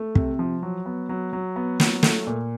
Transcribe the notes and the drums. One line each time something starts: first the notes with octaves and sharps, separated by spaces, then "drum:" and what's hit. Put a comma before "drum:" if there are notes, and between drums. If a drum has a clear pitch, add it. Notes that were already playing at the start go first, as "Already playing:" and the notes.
Already playing: A3
C3, drum: kick
F3
F#3
B3
F#3
F#3
B3
F#3, drum: snare
A3, drum: snare
A#2